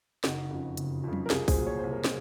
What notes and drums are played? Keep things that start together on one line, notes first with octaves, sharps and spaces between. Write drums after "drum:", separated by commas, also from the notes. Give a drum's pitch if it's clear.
F#1 D#4 F#4, drum: snare
F2 C#3
F#1, drum: hi-hat
F2 C#3
drum: tom F#3
A#4
C2 F4 G#4, drum: snare
G#4 C5, drum: kick, open hi-hat
A#2 F#3
C#5
C2 C5
A#4
G#4 C5, drum: snare